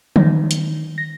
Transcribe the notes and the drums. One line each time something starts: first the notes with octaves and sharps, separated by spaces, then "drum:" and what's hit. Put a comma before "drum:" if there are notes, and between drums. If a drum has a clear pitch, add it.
D#3, drum: tom E3
drum: hi-hat
A#6